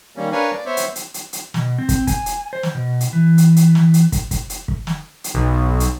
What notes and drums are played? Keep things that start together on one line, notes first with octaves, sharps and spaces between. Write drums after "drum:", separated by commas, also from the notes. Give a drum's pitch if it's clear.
D#3 G3 A#3 C#4
D4 A#4 B4 C#5 F5 G#5
D5
B3 C5 C#5 E5
drum: hi-hat
drum: hi-hat
drum: hi-hat
drum: hi-hat
B2, drum: snare
C4
drum: kick, hi-hat
G#5, drum: kick, hi-hat
drum: hi-hat
C5
drum: snare
B2
drum: hi-hat
E3
drum: hi-hat
drum: hi-hat
drum: snare
drum: hi-hat
drum: kick, hi-hat
drum: kick, hi-hat
drum: hi-hat
drum: kick
drum: snare
drum: hi-hat
B1
drum: hi-hat